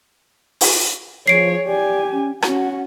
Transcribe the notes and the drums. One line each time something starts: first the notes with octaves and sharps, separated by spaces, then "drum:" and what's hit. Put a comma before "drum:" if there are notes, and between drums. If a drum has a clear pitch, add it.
drum: open hi-hat
F3 G#4 C#5 C7 D7
G4 D5 G#5
C#4
C#4 F#4 F#5, drum: rim click